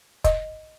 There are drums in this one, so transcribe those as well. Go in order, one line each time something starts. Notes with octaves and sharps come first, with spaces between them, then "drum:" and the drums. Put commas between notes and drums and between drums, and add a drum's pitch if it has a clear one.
D#5, drum: kick, hi-hat